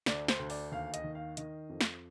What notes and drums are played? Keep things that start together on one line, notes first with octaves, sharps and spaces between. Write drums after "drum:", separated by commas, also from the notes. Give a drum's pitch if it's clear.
D2 D5, drum: snare
C5, drum: snare
D2
D5, drum: open hi-hat
D#2 F5
D#5, drum: hi-hat
D#3
F5
D#3 D#5, drum: hi-hat
F2
drum: snare